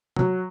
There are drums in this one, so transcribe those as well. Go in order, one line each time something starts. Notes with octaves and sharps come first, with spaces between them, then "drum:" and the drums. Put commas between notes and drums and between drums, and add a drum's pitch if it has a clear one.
F#3, drum: tom